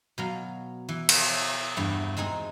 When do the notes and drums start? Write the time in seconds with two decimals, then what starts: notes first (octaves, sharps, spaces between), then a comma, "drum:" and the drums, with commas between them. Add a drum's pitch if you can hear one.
0.18 B2 F#3 F5
0.89 E3
1.09 drum: cymbal
1.76 E2 G2 E4
2.17 G#3 C4 D#4 G#4